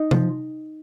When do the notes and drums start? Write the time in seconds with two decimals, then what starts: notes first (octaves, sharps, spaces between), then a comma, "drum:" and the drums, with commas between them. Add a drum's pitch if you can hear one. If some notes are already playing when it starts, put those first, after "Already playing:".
Already playing: D#4 D#5
0.11 F3, drum: tom C3